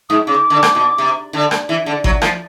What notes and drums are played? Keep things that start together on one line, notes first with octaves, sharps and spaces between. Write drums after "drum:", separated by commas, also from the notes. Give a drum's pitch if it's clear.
G#2 D#6
C#3 D6
D3
drum: rim click
B2
C3
D3
drum: rim click
E3
D3
F#3, drum: kick G#1
F3, drum: rim click